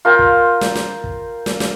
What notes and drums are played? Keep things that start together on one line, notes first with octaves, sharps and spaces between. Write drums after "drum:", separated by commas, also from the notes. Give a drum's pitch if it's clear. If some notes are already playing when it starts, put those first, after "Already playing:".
F4 A#4 G5
drum: kick
drum: snare
drum: snare
drum: kick
drum: snare
drum: snare